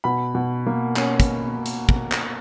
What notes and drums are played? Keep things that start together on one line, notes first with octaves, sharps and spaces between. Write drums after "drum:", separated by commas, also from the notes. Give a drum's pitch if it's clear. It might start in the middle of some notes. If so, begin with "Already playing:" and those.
B2 B5
B2
A#3
C#4, drum: clap
drum: kick, hi-hat
drum: hi-hat
drum: kick
drum: clap